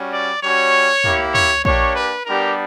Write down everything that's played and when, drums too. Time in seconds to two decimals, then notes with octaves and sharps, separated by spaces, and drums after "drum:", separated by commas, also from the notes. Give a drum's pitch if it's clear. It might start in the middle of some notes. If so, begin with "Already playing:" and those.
Already playing: G3 C#4 F#4
0.13 D5
0.43 G3 C#4 F#4 C#5
1.04 A#3 E4 G4, drum: tom
1.35 C#5, drum: tom
1.65 A#3 D4 G4 C#5, drum: kick A#1
1.96 B4
2.26 G3 B3 D4 G4 A#4